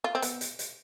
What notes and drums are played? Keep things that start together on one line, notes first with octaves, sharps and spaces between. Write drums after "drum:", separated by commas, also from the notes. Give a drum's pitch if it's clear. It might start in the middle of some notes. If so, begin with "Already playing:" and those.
F4
C4
B3, drum: hi-hat
drum: hi-hat
drum: hi-hat